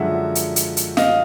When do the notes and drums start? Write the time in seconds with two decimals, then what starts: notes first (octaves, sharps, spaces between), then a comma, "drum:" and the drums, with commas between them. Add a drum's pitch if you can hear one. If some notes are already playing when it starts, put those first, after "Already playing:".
Already playing: F#2 D3 F3 G#3 E5 F#5
0.35 drum: hi-hat
0.56 drum: hi-hat
0.77 drum: hi-hat
0.97 D#5 F5, drum: snare